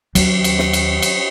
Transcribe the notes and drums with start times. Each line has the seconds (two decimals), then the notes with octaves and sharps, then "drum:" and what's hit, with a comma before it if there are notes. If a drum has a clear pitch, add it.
0.15 D#2 F#3, drum: cymbal
0.44 drum: cymbal
0.59 drum: snare
0.73 drum: cymbal
1.02 drum: cymbal